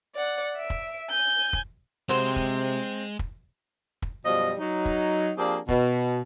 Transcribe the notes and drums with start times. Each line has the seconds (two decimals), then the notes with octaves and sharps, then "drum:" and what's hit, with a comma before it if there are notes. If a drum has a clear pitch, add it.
0.15 D5 F#5
0.56 E5 D7
0.70 drum: kick
1.10 G#5 G6
1.53 drum: kick
2.09 C3 F#3 G#3 C4 C5
2.36 drum: kick
3.19 drum: kick
4.02 drum: kick
4.26 F#2 B2 F3 G3 D#5
4.60 F#3 D#4
4.85 drum: kick
5.38 F3 A#3 C4 D4 G4 G#4
5.69 B2, drum: kick